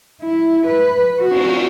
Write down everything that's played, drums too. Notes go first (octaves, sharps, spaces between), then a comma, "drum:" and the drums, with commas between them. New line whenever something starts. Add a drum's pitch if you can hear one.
E4
B4
F#4
drum: cymbal